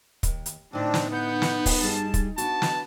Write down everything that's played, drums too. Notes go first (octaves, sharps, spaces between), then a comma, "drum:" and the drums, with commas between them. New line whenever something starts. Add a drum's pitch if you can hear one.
D#2, drum: kick, hi-hat
drum: hi-hat
A2 D3 C4 D4 D#4
drum: snare
B3 F#5 G6
drum: snare
drum: kick, open hi-hat
G2 G3 G#4 A5
drum: kick, hi-hat
B3 D4 F#4 A5, drum: hi-hat
drum: snare